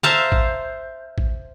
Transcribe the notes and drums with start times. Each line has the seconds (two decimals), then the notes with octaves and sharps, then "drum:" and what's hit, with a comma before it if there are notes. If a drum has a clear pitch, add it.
0.03 C5 E5 F5 A5 A#5, drum: snare
0.32 drum: kick
1.18 drum: kick